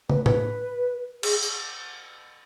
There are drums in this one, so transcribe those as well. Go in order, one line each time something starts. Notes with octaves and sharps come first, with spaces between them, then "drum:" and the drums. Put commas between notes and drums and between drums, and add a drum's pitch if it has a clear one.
B4, drum: tom
B4, drum: tom A2
G#4, drum: cymbal
drum: tambourine